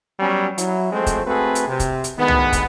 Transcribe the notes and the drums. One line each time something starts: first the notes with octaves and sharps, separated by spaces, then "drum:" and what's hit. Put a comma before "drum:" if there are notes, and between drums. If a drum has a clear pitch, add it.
F#3 G3 B3 C#4
F#3 E4, drum: hi-hat
F3 G#3 A3 C4
drum: kick, hi-hat
A3 C4 F#4 G#4 A4 B4
drum: hi-hat
C3
drum: kick, hi-hat
drum: hi-hat
D2 D#3 G#3 B3
drum: tom
drum: kick, hi-hat